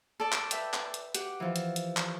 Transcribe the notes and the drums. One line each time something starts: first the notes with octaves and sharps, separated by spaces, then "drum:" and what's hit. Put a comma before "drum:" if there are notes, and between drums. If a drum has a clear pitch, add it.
A4 D5
drum: clap
B4 E5 G5, drum: hi-hat
drum: clap
drum: hi-hat
G4 F#5, drum: hi-hat
E3 F3
drum: hi-hat
drum: hi-hat
drum: clap